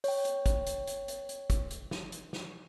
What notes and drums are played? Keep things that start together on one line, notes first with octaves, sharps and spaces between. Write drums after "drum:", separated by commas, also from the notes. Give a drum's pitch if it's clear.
C#5 G5, drum: open hi-hat
drum: hi-hat
drum: kick, hi-hat
drum: hi-hat
drum: hi-hat
drum: hi-hat
drum: hi-hat
drum: kick, hi-hat
drum: hi-hat
drum: snare
drum: hi-hat
drum: snare